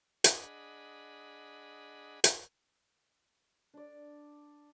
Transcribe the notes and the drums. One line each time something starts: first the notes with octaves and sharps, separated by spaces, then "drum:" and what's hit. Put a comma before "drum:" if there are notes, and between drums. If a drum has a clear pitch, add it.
D4 G#4 D#5 F#5 B5, drum: hi-hat
drum: hi-hat
D4 D5